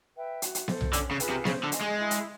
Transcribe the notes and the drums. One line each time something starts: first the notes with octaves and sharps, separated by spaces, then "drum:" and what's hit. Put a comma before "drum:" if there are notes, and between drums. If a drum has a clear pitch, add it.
B4 E5 G5
F#4, drum: hi-hat
drum: hi-hat
A4 C5, drum: snare B3
drum: tom B1
D3 C#4, drum: hi-hat
C#3
F4 G#4 B4, drum: hi-hat
C3
C#3 C5, drum: snare B3
D3
D#5 G#5 C6, drum: hi-hat
G#3
E4
drum: hi-hat